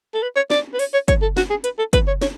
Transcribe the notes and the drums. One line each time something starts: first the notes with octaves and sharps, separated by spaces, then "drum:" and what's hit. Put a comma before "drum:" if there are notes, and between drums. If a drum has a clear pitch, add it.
A4
B4
C#5
D5, drum: snare
B4
C#5, drum: open hi-hat
C#5
C#5, drum: kick, hi-hat
A4
F#4, drum: snare
G#4
B4, drum: hi-hat
A4
B4, drum: kick, hi-hat
C#5
C#5, drum: snare